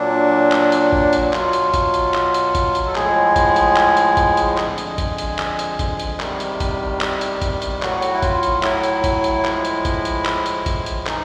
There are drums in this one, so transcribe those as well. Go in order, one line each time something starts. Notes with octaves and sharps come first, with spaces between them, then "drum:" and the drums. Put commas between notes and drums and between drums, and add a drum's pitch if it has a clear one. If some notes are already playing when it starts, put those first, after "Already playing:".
Already playing: A#2 F#3 D4
drum: clap
drum: hi-hat
drum: kick A1
drum: hi-hat
B2 F#3 F4, drum: clap
drum: hi-hat
drum: kick A1, hi-hat
drum: hi-hat
drum: clap
drum: hi-hat
drum: kick A1, hi-hat
drum: hi-hat
A4
A2 F3 G#3 G#4, drum: clap
drum: kick A1, hi-hat
drum: hi-hat
drum: clap
drum: hi-hat
drum: kick A1, hi-hat
drum: hi-hat
F2 D3 F3 G#3 G#4, drum: clap
drum: hi-hat
drum: kick A1, hi-hat
drum: hi-hat
drum: clap
drum: hi-hat
drum: kick A1, hi-hat
drum: hi-hat
E2 C3 D#3 G3, drum: clap
drum: hi-hat
drum: kick A1, hi-hat
drum: clap
drum: hi-hat
drum: kick A1, hi-hat
drum: hi-hat
A2 F#3 F#4, drum: clap
drum: hi-hat
E4
F4, drum: kick A1, hi-hat
drum: hi-hat
E4, drum: clap
drum: hi-hat
drum: kick A1, hi-hat
drum: hi-hat
A2 F3 G#3, drum: clap
drum: hi-hat
drum: kick A1, hi-hat
drum: hi-hat
drum: clap
drum: hi-hat
drum: kick A1, hi-hat
drum: hi-hat
E3 D#4, drum: clap